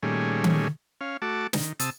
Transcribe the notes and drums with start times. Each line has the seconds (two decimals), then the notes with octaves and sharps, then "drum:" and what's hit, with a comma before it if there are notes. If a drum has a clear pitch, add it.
0.03 A#2 D#3 G3 A3 C#4 G#4
0.44 drum: tom D#3
1.01 C#4 F5
1.22 A3 F#4 A5 D6
1.53 D#3, drum: snare
1.80 C3 A5 D#6 E6, drum: hi-hat